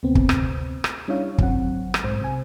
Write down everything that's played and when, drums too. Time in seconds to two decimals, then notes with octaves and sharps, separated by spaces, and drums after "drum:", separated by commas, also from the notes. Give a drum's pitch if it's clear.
0.03 D2 C3 B3 C4
0.15 drum: kick
0.29 drum: rim click
0.84 drum: rim click
1.08 G3 C#4 D4 E4 C#5 F5
1.38 G#1 F#3 C4 F#5, drum: kick
1.94 drum: rim click
2.03 B1 G#2 C5
2.21 C3 G#5